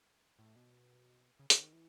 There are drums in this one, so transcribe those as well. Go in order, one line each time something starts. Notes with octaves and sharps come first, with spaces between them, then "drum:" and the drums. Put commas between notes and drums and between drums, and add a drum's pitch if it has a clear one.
A2
B2
C#3
C#3, drum: hi-hat
D#3
E3